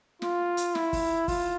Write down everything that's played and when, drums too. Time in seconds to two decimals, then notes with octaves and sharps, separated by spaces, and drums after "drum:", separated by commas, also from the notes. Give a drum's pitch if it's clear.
0.22 F4, drum: snare
0.57 drum: hi-hat
0.75 E4, drum: snare
0.93 drum: kick, open hi-hat
1.28 F4, drum: kick, open hi-hat